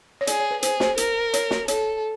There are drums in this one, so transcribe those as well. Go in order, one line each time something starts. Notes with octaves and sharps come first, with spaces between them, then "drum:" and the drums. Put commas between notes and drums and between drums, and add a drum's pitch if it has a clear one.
C#5
G#4 D5, drum: hi-hat
C#5
B4
G#4 C5, drum: hi-hat
C5, drum: snare
A#4, drum: hi-hat
C#5, drum: hi-hat
drum: snare
A4 C#5, drum: hi-hat